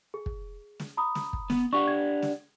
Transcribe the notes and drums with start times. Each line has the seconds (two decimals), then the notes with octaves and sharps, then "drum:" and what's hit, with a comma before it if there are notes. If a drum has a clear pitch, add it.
0.14 G#4
0.26 drum: kick
0.80 drum: snare
0.97 A#5 B5 D#6
1.15 drum: snare
1.33 drum: kick
1.50 B3, drum: snare
1.73 D4 G4 F#5 C#6
1.88 G#6
2.22 drum: snare